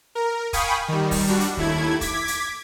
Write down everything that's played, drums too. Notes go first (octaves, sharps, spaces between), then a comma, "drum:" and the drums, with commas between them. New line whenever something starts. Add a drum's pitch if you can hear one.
A#4
F5 G5 G#5 B5 C#6 D#6, drum: kick, hi-hat
D#3 G3
drum: kick, open hi-hat
G3 D4 F#4
drum: hi-hat
D#2 A3 E4 G#6, drum: kick
D6 G#6 B6, drum: kick, hi-hat
drum: hi-hat